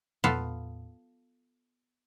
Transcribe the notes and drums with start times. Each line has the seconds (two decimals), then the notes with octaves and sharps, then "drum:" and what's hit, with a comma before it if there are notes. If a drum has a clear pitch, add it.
0.24 B3 F4 A4, drum: tom